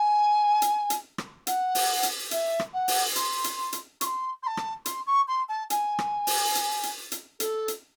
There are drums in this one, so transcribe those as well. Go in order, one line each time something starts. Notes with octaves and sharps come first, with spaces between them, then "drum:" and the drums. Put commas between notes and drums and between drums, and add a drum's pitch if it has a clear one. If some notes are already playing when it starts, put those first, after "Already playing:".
Already playing: G#5
drum: hi-hat
drum: hi-hat
drum: rim click
F#5, drum: hi-hat
drum: open hi-hat
drum: hi-hat
E5, drum: hi-hat
drum: rim click
F#5
drum: open hi-hat
C6, drum: hi-hat
drum: hi-hat
drum: hi-hat
C#6, drum: hi-hat
C6
C6
A5
drum: rim click
C6, drum: hi-hat
C#6
C6
A5
G#5, drum: hi-hat
drum: rim click
drum: open hi-hat
drum: hi-hat
drum: hi-hat
drum: hi-hat
A4, drum: hi-hat
drum: hi-hat